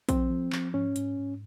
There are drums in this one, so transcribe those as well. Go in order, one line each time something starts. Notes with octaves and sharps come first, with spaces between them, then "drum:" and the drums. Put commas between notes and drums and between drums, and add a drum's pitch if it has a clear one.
F3 C4, drum: kick A#1, hi-hat
F3
F3, drum: clap
G#2 C#4
G#2, drum: hi-hat
G#2